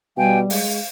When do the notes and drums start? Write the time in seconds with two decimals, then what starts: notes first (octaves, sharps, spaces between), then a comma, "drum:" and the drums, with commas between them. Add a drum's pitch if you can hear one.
0.17 B2 G3 F5 G5 G#5
0.50 G#3 F5, drum: open hi-hat